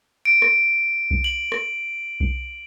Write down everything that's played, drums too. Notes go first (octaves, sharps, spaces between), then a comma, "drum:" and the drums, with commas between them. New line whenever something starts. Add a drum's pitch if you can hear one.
D7
drum: rim click
drum: kick B1
F#7
drum: rim click
drum: kick B1